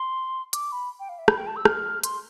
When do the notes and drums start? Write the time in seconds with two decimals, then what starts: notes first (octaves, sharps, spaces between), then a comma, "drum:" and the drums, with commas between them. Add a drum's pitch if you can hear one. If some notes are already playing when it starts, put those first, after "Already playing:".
Already playing: C6
0.53 D6, drum: hi-hat
0.72 B5
1.00 G5
1.09 F5
1.19 E5
1.28 B5, drum: rim click
1.38 G5
1.47 A5
1.56 E6
1.65 F6, drum: rim click
2.04 C6, drum: hi-hat